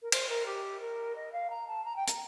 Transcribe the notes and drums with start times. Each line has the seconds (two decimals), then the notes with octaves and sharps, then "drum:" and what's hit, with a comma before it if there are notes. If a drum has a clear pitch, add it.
0.02 A#4
0.12 C5, drum: cymbal
0.29 A#4
0.46 G4
0.80 A#4
1.16 D#5
1.32 F5
1.50 A#5
1.67 A5
1.85 A#5
1.96 G5
2.07 A#5, drum: hi-hat